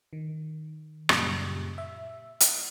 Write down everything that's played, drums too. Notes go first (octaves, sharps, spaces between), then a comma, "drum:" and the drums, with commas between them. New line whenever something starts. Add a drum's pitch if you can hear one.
D#3
F#2 A#2 C#3 G3, drum: rim click
E5
F#5, drum: hi-hat